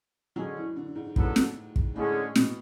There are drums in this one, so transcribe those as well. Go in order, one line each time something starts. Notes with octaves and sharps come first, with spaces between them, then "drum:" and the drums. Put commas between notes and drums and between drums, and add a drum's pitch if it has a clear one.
D3 F#3 G#3 C#4
E3
D3
G#2
A2 C#3 F#3 B3 D4 A4, drum: kick
drum: snare
drum: kick
A2 D3 G#3 C#4 G#4
B2, drum: snare